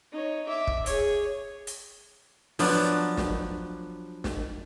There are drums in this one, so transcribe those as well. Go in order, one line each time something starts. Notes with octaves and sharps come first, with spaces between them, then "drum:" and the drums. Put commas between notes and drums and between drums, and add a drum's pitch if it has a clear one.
D#4 C#5
E5 D6
drum: kick
G#4 C#5, drum: hi-hat
drum: hi-hat
F3 F#3 B3 D4, drum: open hi-hat
drum: snare
drum: snare